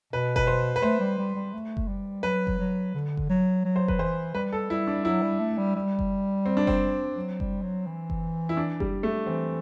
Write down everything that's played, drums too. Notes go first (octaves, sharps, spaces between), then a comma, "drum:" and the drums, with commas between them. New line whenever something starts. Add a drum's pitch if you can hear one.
B2 B4
B4, drum: kick F#1
C5
B4
A3 C5
G3
G3
G3
A3
drum: kick F#1
G3
F#3 B4
drum: kick F#1
F#3
D3
drum: kick F#1
F#3
F#3
C5
B4, drum: kick F#1
E3 C5
G3 B4
A4
G3 E4
D4
F#3 E4
G3
A3
G3
G3
drum: kick F#1
C4
D4
C4, drum: kick F#1
F#3
G3, drum: kick F#1
F#3
E3
drum: kick F#1
E4
D4
G3, drum: kick F#1
A3
E3 C4